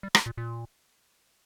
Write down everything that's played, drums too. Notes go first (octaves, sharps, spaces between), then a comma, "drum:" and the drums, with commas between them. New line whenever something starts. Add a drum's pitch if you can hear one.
G3
G#3, drum: rim click
A#2
A#2